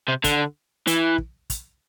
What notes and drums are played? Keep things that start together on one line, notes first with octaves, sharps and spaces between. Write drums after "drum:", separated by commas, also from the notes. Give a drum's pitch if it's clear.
C3
D3, drum: kick, hi-hat
E3, drum: hi-hat
drum: kick
drum: kick, hi-hat